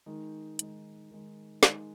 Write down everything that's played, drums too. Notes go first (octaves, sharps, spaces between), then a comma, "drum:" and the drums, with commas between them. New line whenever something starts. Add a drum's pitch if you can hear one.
D#3 G#3 D#4
D#3 G#3 D#4, drum: hi-hat
D#3 G#3 D#4
D#3 G#3 D#4, drum: snare